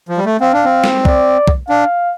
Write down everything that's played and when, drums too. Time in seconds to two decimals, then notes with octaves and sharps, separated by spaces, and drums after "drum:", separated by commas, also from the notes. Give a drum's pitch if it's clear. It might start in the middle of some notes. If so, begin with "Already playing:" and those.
0.09 F3
0.17 G3
0.26 A3
0.40 C4 F5
0.53 D4
0.64 C4
0.84 drum: snare
1.05 D5, drum: kick
1.48 drum: kick
1.68 D4 F5